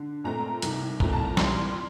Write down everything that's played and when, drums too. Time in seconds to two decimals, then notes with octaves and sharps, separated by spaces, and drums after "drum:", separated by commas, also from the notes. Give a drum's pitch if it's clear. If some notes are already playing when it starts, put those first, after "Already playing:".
Already playing: D3
0.24 A#2 A3 C4 A#5
0.62 C2 C3 D#3, drum: hi-hat
1.00 C2 A#2 A3 C4 A#5, drum: kick A#1
1.13 A5
1.25 A#5
1.37 C2 A#2 G3 C4 C6, drum: snare